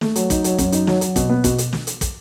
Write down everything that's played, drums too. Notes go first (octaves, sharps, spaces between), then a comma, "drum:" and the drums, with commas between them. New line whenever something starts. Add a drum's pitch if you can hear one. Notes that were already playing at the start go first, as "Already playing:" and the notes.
A3, drum: snare
F#3, drum: hi-hat
D#4, drum: kick, hi-hat
F#3, drum: hi-hat
F#2, drum: kick, hi-hat
D#4, drum: hi-hat
F#3, drum: snare
F#3, drum: hi-hat
B2, drum: kick, hi-hat
B3
B2, drum: kick, hi-hat
drum: hi-hat
drum: snare
drum: hi-hat
drum: kick, hi-hat